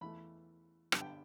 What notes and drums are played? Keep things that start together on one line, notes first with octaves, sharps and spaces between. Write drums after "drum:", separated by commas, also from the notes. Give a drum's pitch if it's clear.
E2 E3 A3 B5
G2 D3 G3 B3 A5, drum: rim click
G5